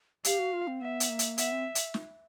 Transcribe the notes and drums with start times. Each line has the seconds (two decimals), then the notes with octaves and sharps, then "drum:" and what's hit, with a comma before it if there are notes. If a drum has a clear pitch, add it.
0.24 G4 F5, drum: hi-hat
0.39 F#4
0.53 F4
0.67 C4
0.81 B3 E5
1.00 drum: hi-hat
1.10 A#3
1.19 drum: hi-hat
1.38 B3 E5, drum: hi-hat
1.52 C4
1.75 drum: hi-hat
1.94 drum: snare